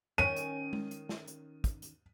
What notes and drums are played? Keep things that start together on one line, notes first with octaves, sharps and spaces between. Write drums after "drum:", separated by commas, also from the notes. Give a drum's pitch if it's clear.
D#3 C#4 D#7
drum: hi-hat
drum: tom G#3
drum: hi-hat
drum: snare
drum: hi-hat
drum: kick, hi-hat
drum: hi-hat